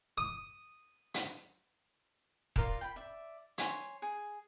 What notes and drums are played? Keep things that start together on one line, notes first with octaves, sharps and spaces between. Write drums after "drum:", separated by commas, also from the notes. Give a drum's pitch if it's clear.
D#6
drum: hi-hat
F4 A#4 D5 F5, drum: kick D#1
G5 B5
D5 E5
C#5 G#5 C6, drum: hi-hat
G#4